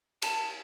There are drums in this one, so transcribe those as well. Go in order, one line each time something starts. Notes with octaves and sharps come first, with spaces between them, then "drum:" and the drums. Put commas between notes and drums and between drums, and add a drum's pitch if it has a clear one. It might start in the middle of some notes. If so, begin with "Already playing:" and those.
A5, drum: cymbal